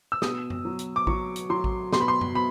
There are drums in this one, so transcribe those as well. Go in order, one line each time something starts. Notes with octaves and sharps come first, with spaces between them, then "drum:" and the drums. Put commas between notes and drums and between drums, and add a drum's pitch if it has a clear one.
E6
B2 D#6, drum: snare
drum: tom F#2
F#3
drum: hi-hat
D6
F#3 C#6, drum: kick A1
drum: hi-hat
F#3 C6
drum: kick A1
B2 C6, drum: snare
B5
C6
drum: tom F#2
B2 B5